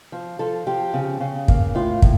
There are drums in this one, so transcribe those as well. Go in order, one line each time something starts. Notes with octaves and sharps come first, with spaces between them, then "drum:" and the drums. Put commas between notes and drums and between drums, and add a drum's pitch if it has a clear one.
F3
F3 A4
F3 G4
C#3
C#3
A#3, drum: kick
A2 F4
A2, drum: kick